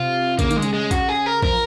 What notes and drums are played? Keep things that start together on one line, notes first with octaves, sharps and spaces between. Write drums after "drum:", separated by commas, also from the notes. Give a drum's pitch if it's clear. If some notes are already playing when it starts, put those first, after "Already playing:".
Already playing: C3 F4
C#3 A#3, drum: kick A#1, hi-hat
D#3, drum: hi-hat
G#3
C#3, drum: hi-hat
G#3
F#4, drum: kick A#1, hi-hat
G#4
A#4
F3 A#4, drum: kick A#1